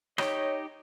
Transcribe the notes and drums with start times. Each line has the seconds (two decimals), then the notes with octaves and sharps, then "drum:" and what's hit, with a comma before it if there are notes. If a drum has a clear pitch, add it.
0.18 D#4 G4 C#5 D#5, drum: rim click